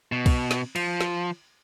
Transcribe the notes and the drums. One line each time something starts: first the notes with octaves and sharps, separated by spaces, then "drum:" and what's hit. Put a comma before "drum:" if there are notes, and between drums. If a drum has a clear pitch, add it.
B2
drum: kick, cymbal
drum: snare
F3, drum: cymbal
drum: snare